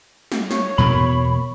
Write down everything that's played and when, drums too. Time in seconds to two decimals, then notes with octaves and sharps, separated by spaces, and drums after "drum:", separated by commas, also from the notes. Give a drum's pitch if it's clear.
0.32 drum: snare
0.51 C#5, drum: snare
0.78 E2 B2 A#3 B5